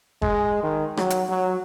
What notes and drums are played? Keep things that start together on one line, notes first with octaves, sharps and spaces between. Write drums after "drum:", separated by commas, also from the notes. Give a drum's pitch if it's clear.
G#3, drum: kick
D#3
F#3, drum: rim click
drum: hi-hat
F#3